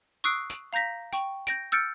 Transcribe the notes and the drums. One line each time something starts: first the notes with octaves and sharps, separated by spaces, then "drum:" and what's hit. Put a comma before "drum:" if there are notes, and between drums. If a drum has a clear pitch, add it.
C#6 D#6 E6 F#6 C7 D7
drum: tambourine
F5 A#5 G6 A#6 B6
G5 C#6, drum: tambourine
G6 A#6 D7, drum: tambourine
E6 F6 G6 A6 C#7 D7